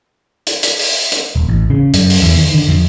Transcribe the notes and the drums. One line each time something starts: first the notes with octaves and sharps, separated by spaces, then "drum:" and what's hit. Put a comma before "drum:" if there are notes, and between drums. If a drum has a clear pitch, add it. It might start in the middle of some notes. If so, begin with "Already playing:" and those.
drum: hi-hat
drum: hi-hat
drum: open hi-hat
drum: hi-hat
D#1
A1
C#3
F#2, drum: hi-hat
drum: open hi-hat
E2
D#3
D3
F2